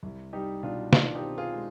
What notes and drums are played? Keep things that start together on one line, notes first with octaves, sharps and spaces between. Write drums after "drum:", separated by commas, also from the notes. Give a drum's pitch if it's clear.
C2
G3 D#4 G4
B2 D4 F4
D#3 D4 F4, drum: snare
D#4 G4
C4
F4 G#4
G#3